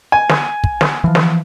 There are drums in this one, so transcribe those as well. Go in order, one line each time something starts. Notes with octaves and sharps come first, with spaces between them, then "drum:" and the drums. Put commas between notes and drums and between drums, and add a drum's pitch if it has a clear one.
G#5
drum: snare
drum: kick
drum: snare
E3 F3
drum: snare